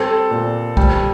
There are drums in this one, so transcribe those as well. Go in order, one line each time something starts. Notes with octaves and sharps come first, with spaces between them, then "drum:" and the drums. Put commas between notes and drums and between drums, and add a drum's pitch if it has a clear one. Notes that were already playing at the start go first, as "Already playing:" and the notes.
Already playing: G3 C4 A4
A#2
G3, drum: kick B1